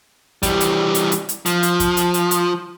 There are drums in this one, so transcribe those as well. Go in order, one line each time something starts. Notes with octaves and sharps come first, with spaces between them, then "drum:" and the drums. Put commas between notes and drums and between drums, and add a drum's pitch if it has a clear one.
E3 G3, drum: kick, hi-hat
drum: hi-hat
drum: hi-hat
drum: hi-hat
drum: hi-hat
F3, drum: hi-hat
drum: hi-hat
drum: kick, hi-hat
drum: hi-hat
drum: hi-hat
drum: hi-hat